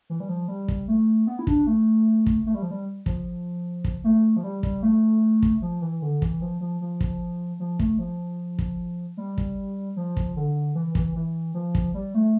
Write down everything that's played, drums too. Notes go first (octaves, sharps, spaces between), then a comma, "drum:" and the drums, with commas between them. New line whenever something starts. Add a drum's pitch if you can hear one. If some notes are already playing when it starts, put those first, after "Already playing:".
E3
G3
F3
G3
drum: kick
A3
B3
E4
D4, drum: kick
A3
drum: kick
A3
G3
F3
G3
F3, drum: kick
drum: kick
A3
F3
G3
G3, drum: kick
A3
drum: kick
F3
E3
D3
E3, drum: kick
F3
F3
F3
drum: kick
F3
A3, drum: kick
F3
drum: kick
G3
drum: kick
F3
drum: kick
D3
E3
E3, drum: kick
E3
F3
drum: kick
G3
A3